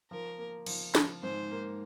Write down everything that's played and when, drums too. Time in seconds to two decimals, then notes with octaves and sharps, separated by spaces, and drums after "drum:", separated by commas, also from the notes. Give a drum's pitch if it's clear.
0.11 F3 A#4
0.38 A#3
0.66 F3, drum: cymbal
0.95 F3, drum: snare
1.22 G#2 C5
1.51 A#3